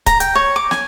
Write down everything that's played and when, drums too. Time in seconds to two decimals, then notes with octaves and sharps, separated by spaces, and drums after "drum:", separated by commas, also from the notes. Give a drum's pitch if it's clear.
0.06 A#5, drum: kick C#1, hi-hat
0.20 G5, drum: hi-hat
0.35 C#5
0.56 D6
0.71 G#5, drum: snare